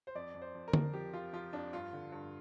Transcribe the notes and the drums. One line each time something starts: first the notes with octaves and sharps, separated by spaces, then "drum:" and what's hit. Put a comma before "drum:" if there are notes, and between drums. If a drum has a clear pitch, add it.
C5
F2 D5
F2
C5
F2
A#4
F2, drum: tom D3
F3 G4
F3 F4
F3 F4
F2 D4
G2 F4
D3
G2